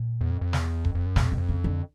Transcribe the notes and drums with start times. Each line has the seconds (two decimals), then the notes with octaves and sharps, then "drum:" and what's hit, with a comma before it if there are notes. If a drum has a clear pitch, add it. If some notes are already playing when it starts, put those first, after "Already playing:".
Already playing: A#2
0.21 E2
0.31 F2
0.41 F2
0.53 E2, drum: snare
0.85 F2, drum: kick D#1
0.95 F2
1.06 F#2
1.16 E2 B2, drum: snare
1.27 F2
1.32 C3
1.38 F2
1.49 C#3
1.64 D3